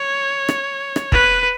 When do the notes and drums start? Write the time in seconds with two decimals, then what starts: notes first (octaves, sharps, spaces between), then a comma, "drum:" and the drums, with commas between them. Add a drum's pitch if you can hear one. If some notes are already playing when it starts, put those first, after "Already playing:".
Already playing: C#5
0.49 drum: rim click
0.96 drum: rim click
1.12 B4, drum: kick